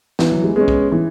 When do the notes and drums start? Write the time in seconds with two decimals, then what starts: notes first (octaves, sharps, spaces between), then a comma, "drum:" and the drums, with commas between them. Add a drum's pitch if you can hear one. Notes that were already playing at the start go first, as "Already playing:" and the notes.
0.19 E3 B3, drum: snare
0.32 F#3
0.44 G#3
0.56 G#3 B3 C#4
0.68 drum: kick
0.92 E3 B3